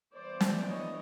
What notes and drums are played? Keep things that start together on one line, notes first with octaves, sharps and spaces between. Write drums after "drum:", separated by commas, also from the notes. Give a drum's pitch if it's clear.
E3 G3 B3 D4 C5 D5
drum: snare
C#5 D#5